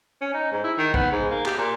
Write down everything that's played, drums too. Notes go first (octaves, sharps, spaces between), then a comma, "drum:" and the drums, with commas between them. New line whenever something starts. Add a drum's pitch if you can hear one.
C#4
D#4
G#2
E4
D#3
B3, drum: kick
G#2
A#3
G4, drum: clap
A#2